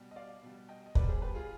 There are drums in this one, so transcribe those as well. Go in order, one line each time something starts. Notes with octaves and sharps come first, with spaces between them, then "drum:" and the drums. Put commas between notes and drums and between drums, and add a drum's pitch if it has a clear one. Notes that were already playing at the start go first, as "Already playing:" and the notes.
Already playing: B2 G3
D#5
D5 F5
B2 G3
D#5 G5
D#5
B2 G3 B4 D5, drum: kick
G#4 C5
G4 B4
F4 G#4